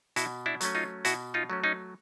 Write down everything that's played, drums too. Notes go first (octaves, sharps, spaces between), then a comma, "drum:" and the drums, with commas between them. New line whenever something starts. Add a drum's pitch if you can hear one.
B2 E4 F#4, drum: hi-hat
D4 E4
F#3 A3 C#4, drum: hi-hat
D#4 F4
B2 E4 F#4, drum: hi-hat
D#4 F4
F#3 A3 C#4
C#4 D#4